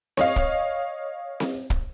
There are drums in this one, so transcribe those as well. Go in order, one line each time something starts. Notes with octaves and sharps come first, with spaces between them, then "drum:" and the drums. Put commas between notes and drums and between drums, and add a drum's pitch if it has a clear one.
C#5 D#5 F5, drum: snare C4
drum: kick
drum: snare C4
drum: kick